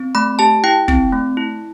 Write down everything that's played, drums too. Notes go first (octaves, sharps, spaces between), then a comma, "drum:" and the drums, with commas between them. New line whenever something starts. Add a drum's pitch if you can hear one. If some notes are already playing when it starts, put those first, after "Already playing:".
Already playing: C4
A3 B5
G4 A5
E4 G5
C4, drum: kick
A3
E4